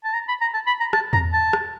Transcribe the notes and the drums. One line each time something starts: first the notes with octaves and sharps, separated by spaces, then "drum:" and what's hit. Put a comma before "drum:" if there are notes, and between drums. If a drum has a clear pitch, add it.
A5
A#5
B5
A#5
A5
B5
A#5
A5, drum: rim click
A#5, drum: tom E2
A5
drum: rim click